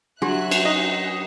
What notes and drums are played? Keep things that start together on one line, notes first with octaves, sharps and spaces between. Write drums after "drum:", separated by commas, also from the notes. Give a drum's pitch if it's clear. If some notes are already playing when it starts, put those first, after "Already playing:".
F#3 D4 F#4 G4 E5 G#5 F#6
drum: cymbal
D#4 D#5